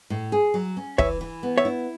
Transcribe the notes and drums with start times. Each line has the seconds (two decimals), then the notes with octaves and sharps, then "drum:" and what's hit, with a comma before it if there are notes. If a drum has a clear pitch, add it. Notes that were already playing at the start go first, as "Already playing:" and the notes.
0.10 A2
0.32 G#4
0.54 F#3
0.77 C#4
0.98 E3 C#5 E5, drum: kick
1.21 E3
1.43 B3
1.58 C#5 E5
1.65 E4